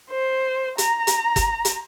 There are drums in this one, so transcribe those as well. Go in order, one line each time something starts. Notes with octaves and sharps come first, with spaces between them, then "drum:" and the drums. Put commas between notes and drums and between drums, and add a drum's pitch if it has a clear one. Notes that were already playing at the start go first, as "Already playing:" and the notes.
C5
A#5, drum: hi-hat
drum: hi-hat
drum: kick, hi-hat
drum: hi-hat